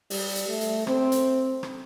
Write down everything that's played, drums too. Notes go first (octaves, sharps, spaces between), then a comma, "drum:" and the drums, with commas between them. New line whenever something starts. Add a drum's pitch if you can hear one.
G3, drum: open hi-hat
drum: hi-hat
A3
drum: hi-hat
C4, drum: rim click
drum: hi-hat
drum: rim click